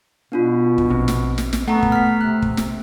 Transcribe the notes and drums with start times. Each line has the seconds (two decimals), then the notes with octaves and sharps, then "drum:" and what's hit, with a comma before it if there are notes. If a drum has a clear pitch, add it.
0.32 B2 B3 D4 F4
0.78 drum: kick
0.90 A#1 C4
1.08 drum: snare
1.38 drum: snare
1.53 drum: snare
1.68 A3 B3 F#5 A#5 C#6
1.83 drum: kick
1.92 F6 B6
2.21 C3 F#6
2.42 drum: kick
2.57 drum: snare